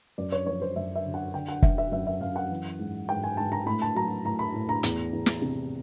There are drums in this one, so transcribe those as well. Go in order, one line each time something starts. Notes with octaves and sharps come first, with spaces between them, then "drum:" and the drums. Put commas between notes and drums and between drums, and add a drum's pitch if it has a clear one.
F#2 D5
C#5
F3 C#5
C5
F#2 E5
E5
D3
F#5
D3 G5
F#5
D3 E5, drum: kick
E5
F#2 E5
E5
F#2 F5
F#5
E3
G#2
G#2 G5
G#5
G#2 A5
A#5
A2 B5
A5
F#3 A#5
A2 A#5
B5
A2
A#5
E2, drum: hi-hat
E2
drum: snare
C3